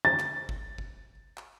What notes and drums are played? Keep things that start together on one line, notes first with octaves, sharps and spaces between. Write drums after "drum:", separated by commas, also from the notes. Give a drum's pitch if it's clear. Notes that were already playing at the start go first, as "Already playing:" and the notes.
A6
drum: clap
drum: kick G1
drum: kick G1
drum: clap